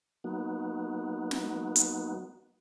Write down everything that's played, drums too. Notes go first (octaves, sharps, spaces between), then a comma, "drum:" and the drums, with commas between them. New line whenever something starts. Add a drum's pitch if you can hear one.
F#3 A#3 B3 D#4 F#4
drum: snare
drum: hi-hat